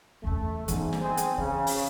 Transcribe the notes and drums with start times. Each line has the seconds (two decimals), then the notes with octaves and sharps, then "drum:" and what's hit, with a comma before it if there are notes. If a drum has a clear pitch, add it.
0.24 E2 C#3 A3
0.68 D2 G#2 E3 B3, drum: hi-hat
0.93 drum: snare
1.02 C4 G#4
1.17 drum: hi-hat
1.38 C#3 E3
1.67 drum: open hi-hat